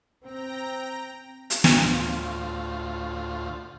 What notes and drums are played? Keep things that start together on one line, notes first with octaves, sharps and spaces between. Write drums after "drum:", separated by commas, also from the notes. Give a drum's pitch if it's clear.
C4 G5 A#5 A#6
drum: hi-hat
drum: snare
D2 A2 F4 C5